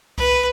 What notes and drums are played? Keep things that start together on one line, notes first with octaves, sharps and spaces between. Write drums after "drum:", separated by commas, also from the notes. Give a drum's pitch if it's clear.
B4, drum: kick C2